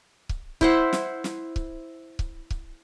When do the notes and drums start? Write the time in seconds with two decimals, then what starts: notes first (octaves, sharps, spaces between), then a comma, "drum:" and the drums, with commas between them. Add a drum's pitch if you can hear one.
0.29 drum: kick C#1
0.61 E4 C5 F#5, drum: kick C#1
0.93 drum: snare
1.24 drum: snare
1.56 drum: kick C#1
2.19 drum: kick C#1
2.51 drum: kick C#1